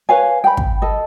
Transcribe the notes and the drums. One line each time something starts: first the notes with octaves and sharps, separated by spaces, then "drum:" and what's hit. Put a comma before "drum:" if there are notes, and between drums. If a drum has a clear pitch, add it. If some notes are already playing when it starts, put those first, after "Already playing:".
B4 C#5 F5 G#5
G5 B5
drum: kick
A4 D#5